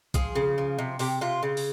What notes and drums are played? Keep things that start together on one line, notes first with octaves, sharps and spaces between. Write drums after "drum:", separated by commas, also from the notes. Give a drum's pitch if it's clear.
F3 G#4, drum: kick B1, hi-hat
C#3
F3
C3
C3 G4, drum: open hi-hat
C3 F4
C#3
drum: open hi-hat